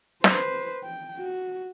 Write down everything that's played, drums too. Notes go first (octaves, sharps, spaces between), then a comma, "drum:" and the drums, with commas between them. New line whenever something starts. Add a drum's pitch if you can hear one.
B4 C5, drum: snare
G5
F#4